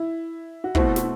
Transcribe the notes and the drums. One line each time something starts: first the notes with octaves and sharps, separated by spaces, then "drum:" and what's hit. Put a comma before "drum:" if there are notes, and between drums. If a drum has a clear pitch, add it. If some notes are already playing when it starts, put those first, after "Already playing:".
Already playing: E4
F#4
B2 A3 C4 E4 F#4, drum: kick
drum: snare